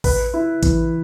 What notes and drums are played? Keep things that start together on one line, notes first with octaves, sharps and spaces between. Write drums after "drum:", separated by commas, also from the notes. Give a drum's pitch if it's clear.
B4, drum: kick A#1, open hi-hat
E4
E3, drum: kick A#1, hi-hat